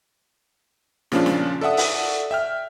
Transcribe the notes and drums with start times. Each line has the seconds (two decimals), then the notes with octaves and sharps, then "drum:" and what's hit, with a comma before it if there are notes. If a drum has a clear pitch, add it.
1.12 A#2 C#3 F3 C#4 D4 F4, drum: snare
1.26 drum: snare
1.61 A4 D5 E5 F#5 D#6
1.77 drum: open hi-hat
2.31 E5 G5 F6